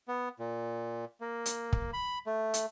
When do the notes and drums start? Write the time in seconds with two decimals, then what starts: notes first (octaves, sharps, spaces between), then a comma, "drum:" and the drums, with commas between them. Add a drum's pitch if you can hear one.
0.08 B3
0.39 A#2
1.21 A#3
1.46 drum: hi-hat
1.73 drum: kick
1.93 B5
2.27 A3
2.54 drum: hi-hat